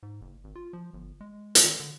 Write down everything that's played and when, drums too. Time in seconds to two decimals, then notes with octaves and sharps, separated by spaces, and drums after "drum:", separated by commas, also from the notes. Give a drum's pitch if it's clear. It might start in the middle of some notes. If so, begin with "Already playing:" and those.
0.03 G#2
0.21 F#1
0.44 G#1
0.55 F4
0.73 F3
0.93 G1
1.21 G#3
1.55 drum: hi-hat
1.65 D#3
1.80 D3